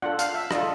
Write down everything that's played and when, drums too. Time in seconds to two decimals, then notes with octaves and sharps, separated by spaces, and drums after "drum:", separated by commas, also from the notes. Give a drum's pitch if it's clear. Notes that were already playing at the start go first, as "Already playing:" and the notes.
0.02 D4 F4 A4 F#5
0.19 F5, drum: hi-hat
0.34 E5
0.51 D4 F4 A4 D#5, drum: rim click